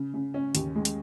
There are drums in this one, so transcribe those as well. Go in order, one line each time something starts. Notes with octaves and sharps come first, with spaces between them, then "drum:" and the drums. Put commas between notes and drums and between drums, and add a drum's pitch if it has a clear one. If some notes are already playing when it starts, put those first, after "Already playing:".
Already playing: C#3
C#3
C#4
D#2, drum: hi-hat
G#3
drum: hi-hat